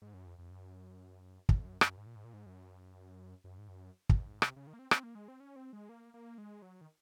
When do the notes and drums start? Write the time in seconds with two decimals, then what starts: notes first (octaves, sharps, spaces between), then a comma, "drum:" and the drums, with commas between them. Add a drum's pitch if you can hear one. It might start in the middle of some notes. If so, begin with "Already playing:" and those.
0.02 G#2
0.14 F#2
0.26 F2
0.39 F2
0.51 F#2
1.49 F2, drum: kick
1.65 F#2
1.81 F#2, drum: rim click
1.97 G#2
2.06 A#2
2.16 G#2
2.24 A#2
2.33 G#2
2.46 F#2
3.44 F#2
3.58 G#2
3.68 F#2
4.09 F#2, drum: kick
4.26 G#2
4.42 C3, drum: rim click
4.56 C#3
4.67 D#3
4.73 A#3
4.79 C4
4.91 C4, drum: rim click
5.03 A#3
5.15 G#3
5.28 C4
5.40 C#4
5.56 C4
5.73 G#3
5.89 A#3
6.14 A#3
6.38 G#3
6.62 F#3
6.81 D#3